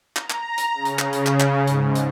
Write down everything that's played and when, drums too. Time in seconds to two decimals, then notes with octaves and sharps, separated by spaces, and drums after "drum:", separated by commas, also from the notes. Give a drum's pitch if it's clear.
0.16 A#5, drum: clap
0.30 drum: clap
0.58 drum: hi-hat
0.74 C#3
0.85 drum: hi-hat
0.99 drum: clap
1.13 drum: hi-hat
1.26 drum: clap
1.40 drum: clap
1.67 G#2, drum: hi-hat
1.95 drum: hi-hat